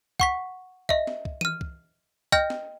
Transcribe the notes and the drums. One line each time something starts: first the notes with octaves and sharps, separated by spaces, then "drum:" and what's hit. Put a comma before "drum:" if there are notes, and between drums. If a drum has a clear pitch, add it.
F#5 C#6 B6, drum: kick
D#5 E5, drum: kick
drum: snare
drum: kick
F6 D#7, drum: tom E3
drum: kick
D#5 G5 F6 G6 A#6, drum: kick
drum: snare